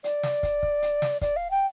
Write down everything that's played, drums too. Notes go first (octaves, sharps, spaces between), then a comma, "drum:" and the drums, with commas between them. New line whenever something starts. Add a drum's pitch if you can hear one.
D5, drum: hi-hat
drum: snare
drum: kick, hi-hat
drum: kick
drum: hi-hat
drum: snare
D5, drum: kick, hi-hat
F5
G5